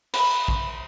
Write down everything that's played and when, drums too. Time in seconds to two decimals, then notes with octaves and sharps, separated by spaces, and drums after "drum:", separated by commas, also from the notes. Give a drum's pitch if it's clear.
0.14 B4, drum: cymbal
0.48 drum: kick A#1